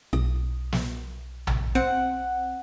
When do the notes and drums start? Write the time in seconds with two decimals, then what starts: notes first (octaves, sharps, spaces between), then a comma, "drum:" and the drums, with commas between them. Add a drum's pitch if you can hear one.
0.13 B1 D#6
0.72 drum: snare
1.47 drum: tom A#1
1.75 C4 F#5